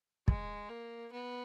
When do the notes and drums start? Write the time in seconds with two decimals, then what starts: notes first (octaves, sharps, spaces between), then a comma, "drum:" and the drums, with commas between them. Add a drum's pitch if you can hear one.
0.28 G#3, drum: kick
0.69 A#3
1.12 B3